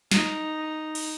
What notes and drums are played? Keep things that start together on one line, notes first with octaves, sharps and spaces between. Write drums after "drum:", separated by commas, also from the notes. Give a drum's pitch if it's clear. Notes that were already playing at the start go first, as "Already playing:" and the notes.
D#4, drum: snare
drum: cymbal